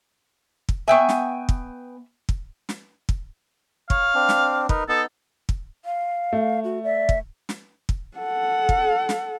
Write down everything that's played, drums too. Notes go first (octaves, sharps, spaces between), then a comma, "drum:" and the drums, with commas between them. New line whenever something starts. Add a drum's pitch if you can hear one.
drum: kick
B3 E5 G5 G#5 C#6
drum: snare
drum: kick
drum: kick
drum: snare
drum: kick
C#5 F5, drum: kick
C4 D4
drum: snare
D#4 A#4 B4, drum: kick
B3 D#4 A4
drum: kick
F5
A3
F#4
D5 E5
drum: kick
drum: snare
drum: kick
A4 F#5
drum: kick
drum: snare